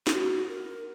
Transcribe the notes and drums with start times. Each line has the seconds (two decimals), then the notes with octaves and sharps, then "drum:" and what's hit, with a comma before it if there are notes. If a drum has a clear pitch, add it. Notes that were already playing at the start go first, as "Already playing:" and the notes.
0.07 F#4, drum: snare
0.49 A#4